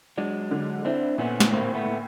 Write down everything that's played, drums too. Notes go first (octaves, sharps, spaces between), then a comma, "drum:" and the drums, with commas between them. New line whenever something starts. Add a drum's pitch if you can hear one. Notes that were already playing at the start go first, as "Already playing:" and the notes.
F#3 G#3 D4
D3
C4 D4 E4
A#2 B3 C#4
drum: snare
A2 A#3 C4
A3 B3
A2